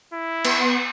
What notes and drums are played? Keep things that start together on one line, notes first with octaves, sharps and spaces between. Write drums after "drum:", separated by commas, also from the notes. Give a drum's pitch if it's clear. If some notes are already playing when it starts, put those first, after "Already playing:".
E4
B3, drum: cymbal